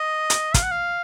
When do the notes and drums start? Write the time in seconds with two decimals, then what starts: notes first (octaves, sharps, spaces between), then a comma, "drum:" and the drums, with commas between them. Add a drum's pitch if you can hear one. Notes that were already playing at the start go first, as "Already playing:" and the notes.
Already playing: D#5
0.30 drum: hi-hat
0.54 F5, drum: kick, hi-hat
0.63 F#5
0.71 F5